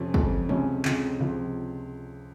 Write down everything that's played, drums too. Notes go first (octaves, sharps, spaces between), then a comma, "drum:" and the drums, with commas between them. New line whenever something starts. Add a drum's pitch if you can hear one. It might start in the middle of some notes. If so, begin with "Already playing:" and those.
Already playing: F2 C3 F3 C#4
F2 C3 F3, drum: kick
C#2 C3 F3 C#4, drum: tom E3
C#2 C3 F3, drum: clap
C#2 C3 F3